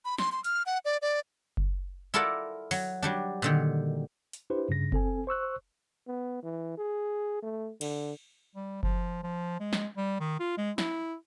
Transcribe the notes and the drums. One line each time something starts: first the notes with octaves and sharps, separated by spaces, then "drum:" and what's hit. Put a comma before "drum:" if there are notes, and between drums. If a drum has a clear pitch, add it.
B5
C6, drum: snare
C6
F6, drum: hi-hat
F#5
D5
D5
drum: kick F#1
E4 F4 A4 A#4 D5 F#5
F#3, drum: open hi-hat
F#3 G3 D4
A#2 D3 D#3
drum: hi-hat
D4 E4 G4 B4 C5
G2 C#3 A#6
C4 A4 G#5, drum: kick F#1
C5 C#6 E6 F#6
B3
E3
G#4
A3
D3, drum: cymbal
G3
F3, drum: kick F#1
F3
G#3
drum: snare
G3
D#3
F4
G#3
E4, drum: snare